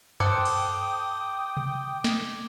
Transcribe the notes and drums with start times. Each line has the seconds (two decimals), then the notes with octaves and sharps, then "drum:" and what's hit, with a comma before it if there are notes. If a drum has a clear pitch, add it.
0.20 A4 C5 F#5 G5 D6 D#6, drum: tom F#2
0.45 drum: cymbal
1.57 drum: tom C3
2.04 drum: snare